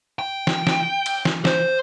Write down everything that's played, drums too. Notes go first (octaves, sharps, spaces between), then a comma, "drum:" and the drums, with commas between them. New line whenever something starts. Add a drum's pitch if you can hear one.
G5
drum: snare
drum: snare
drum: cymbal
drum: snare
C5, drum: snare